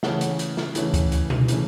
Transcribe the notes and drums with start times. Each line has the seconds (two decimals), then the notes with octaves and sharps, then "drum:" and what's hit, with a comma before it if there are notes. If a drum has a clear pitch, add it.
0.03 C#3 E3 A3 C#4 F#5, drum: snare
0.21 drum: hi-hat
0.39 drum: hi-hat
0.57 drum: snare
0.75 C#3 E3 A3 C#4, drum: hi-hat
0.94 drum: kick C#2, hi-hat
1.12 drum: hi-hat
1.30 drum: tom B2
1.48 C#3 E3 A3 C#4, drum: hi-hat